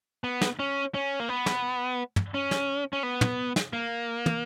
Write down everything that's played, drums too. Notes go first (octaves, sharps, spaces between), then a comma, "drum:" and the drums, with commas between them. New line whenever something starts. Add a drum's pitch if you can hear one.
B3
drum: snare
C#4
C#4
A#3
B3
drum: snare
drum: tom
C#4
drum: snare
C#4
B3
drum: tom
drum: snare
A#3
drum: tom